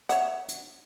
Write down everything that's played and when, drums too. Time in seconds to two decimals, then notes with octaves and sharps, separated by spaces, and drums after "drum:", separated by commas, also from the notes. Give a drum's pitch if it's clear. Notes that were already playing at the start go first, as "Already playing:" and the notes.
0.09 C#5 E5 F#5, drum: hi-hat
0.48 drum: hi-hat